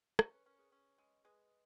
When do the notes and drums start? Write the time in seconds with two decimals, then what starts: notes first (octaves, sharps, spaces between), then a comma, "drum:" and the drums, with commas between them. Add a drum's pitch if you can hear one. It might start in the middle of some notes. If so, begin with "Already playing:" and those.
0.19 C#4 C#5, drum: rim click
0.33 B4
0.46 C#4 A#4
0.58 G#4 B4
0.72 C#4
0.98 G#3
1.24 G#3 G#4 B4